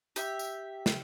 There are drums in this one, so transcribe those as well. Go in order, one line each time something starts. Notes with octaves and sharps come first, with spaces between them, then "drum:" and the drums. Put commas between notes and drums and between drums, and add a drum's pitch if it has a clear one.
G4 E5, drum: tambourine
drum: tambourine
drum: snare